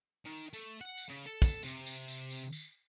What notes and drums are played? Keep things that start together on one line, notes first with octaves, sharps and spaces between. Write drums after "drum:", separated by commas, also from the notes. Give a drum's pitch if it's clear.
D#3
A3, drum: tambourine
F#5
drum: tambourine
C#3
A4
drum: kick, tambourine
C3, drum: tambourine
drum: tambourine
drum: tambourine
drum: tambourine
drum: tambourine